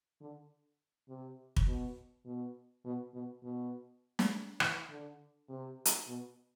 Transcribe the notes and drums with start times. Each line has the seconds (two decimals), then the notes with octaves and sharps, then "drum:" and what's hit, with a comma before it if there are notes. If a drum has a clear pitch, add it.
0.21 D3
1.09 C3
1.56 drum: kick
1.67 B2
2.25 B2
2.85 B2
3.14 B2
3.43 B2
4.19 drum: snare
4.60 E3, drum: rim click
4.90 D3
5.49 C3
5.85 drum: hi-hat
6.07 B2